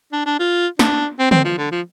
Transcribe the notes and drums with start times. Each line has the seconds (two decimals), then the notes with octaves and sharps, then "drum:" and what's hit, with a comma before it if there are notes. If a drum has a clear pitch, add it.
0.12 D4
0.26 D4
0.39 F4
0.79 D4, drum: snare
1.19 C4
1.31 C4, drum: tom
1.45 F3
1.58 D3
1.72 F3